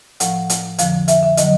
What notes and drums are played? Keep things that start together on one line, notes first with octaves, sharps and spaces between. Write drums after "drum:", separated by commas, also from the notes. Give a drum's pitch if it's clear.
A2 F3 F#5, drum: hi-hat
drum: hi-hat
F2 D3 F3 F5, drum: hi-hat
E5, drum: hi-hat
E5
D3 F#3 D#5, drum: hi-hat